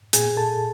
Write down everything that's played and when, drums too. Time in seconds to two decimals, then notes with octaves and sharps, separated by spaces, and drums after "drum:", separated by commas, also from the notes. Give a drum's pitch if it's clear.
0.13 A#2 G#4 G#5, drum: hi-hat
0.37 A4 A5